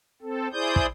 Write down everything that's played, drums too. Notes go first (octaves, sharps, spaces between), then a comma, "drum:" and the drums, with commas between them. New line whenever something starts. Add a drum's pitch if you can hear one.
C4 A4
E4 G#4 C5 D5 D#6 G6
drum: kick